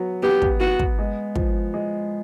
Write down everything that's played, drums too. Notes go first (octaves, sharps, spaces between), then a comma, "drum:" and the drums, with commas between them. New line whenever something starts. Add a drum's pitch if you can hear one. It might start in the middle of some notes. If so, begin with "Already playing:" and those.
Already playing: F#3 B3
B3 G4
drum: kick
B3 F#4
drum: kick
G#3
F3, drum: kick
G#3